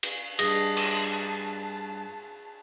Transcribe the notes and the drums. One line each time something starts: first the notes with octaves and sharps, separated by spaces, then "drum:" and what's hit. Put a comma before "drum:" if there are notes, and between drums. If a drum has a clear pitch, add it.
drum: cymbal
G2 G#4 D#5 A5, drum: cymbal
drum: cymbal